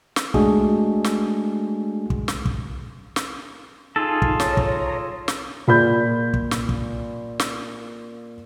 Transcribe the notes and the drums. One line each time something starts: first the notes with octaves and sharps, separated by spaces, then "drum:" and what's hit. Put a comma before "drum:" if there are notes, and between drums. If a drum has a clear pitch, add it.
drum: snare
G#3 A3 D4 F#4 G#4, drum: kick
drum: snare
drum: kick
drum: snare
drum: kick
drum: snare
D#4 F4 G#4 A4
drum: kick
C#5 A#5, drum: snare
drum: kick
drum: snare
A#2 B5 G6
drum: kick
drum: snare
drum: kick
drum: snare